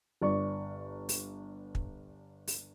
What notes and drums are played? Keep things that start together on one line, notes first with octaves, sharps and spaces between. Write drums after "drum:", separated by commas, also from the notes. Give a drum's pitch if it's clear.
G1 D5 C#6
drum: open hi-hat
drum: kick
drum: open hi-hat